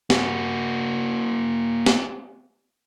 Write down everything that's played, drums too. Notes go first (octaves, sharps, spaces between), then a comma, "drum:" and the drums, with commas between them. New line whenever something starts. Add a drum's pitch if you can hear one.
A#3 F#4, drum: snare
drum: snare